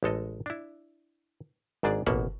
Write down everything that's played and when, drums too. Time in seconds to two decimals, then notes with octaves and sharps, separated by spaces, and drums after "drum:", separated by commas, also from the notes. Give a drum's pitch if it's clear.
0.03 A1 G#3 A4 D#5
0.46 D4 E4
1.83 G#1 G#2 D4 G#4 D5
2.06 A1 B2 A#3 E5 F#5, drum: kick